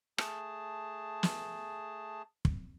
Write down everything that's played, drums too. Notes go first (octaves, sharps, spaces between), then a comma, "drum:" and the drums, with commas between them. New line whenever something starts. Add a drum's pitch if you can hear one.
A3 G#4 A5, drum: rim click
drum: snare
drum: kick